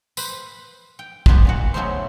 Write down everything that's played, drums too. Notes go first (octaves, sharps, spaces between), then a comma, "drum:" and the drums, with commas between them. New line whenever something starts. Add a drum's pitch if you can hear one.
B4 C5, drum: tambourine
G5
B3 G4 B4 C5, drum: kick
A#2 D#3 F#4
C#3 F#3 A3 B3 D#4 C5